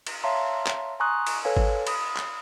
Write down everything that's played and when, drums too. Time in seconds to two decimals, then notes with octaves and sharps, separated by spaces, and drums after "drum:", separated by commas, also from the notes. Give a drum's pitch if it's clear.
0.07 drum: cymbal
0.24 C#5 E5 F5 A5 A#5 C6
0.67 drum: clap
1.00 G#5 A#5 C6 C#6 D#6 F#6
1.27 drum: cymbal
1.45 A4 B4 C#5 F5 G#5
1.57 drum: kick G#1
1.87 B5 D#6, drum: cymbal
2.17 drum: clap